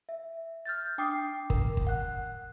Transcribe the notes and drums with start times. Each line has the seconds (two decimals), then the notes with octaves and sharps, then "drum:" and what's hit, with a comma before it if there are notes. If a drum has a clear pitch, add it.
0.09 E5
0.66 F6 G6 A6
0.98 D4 G5 D6 D#6 C7
1.50 A#4, drum: kick
1.77 drum: kick
1.87 F#5 F#6